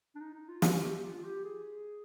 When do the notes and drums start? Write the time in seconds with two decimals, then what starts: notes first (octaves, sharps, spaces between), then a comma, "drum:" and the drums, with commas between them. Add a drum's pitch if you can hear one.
0.15 D4
0.21 D#4
0.34 D#4
0.49 F4
0.62 G4, drum: snare
0.83 G4
0.95 G4
1.03 F4
1.24 G4
1.44 G#4